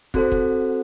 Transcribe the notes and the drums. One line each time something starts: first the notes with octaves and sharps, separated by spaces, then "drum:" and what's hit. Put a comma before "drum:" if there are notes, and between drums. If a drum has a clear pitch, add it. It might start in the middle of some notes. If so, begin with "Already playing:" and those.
C4 F#4 A4 C5, drum: kick
drum: kick